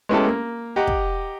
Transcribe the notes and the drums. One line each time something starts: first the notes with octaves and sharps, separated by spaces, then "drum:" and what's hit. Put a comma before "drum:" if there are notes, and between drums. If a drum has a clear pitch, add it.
G#3 B3 C#4 E4 G4 A4
A#3
G4 D#5 F#5 A#5 D6
drum: kick